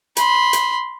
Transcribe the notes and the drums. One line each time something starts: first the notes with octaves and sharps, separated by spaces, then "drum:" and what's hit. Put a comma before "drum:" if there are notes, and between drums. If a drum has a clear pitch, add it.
B5 C6, drum: hi-hat
drum: hi-hat